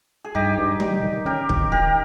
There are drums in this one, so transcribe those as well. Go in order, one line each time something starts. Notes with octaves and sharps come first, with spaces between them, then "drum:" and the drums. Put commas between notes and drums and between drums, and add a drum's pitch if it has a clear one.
G#4
G2 D#4 G4
G2
G3, drum: tom
D#3
C#4 G4 A#4
D#3, drum: kick
D#3 G4 A#4